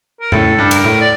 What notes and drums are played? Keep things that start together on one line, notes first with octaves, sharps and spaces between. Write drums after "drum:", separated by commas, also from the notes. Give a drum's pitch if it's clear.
A#4
A2 A4, drum: tom F2
G2
A#4, drum: cymbal
A2
D5